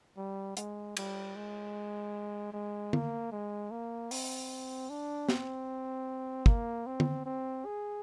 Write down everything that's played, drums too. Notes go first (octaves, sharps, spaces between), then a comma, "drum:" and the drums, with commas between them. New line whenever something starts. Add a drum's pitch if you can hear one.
G3
G#3, drum: hi-hat
G3, drum: cymbal
G#3
G#3
A#3, drum: tom
G#3
A#3
C4, drum: open hi-hat
D4
C4, drum: snare
A#3, drum: kick
C4
drum: tom
C4
G#4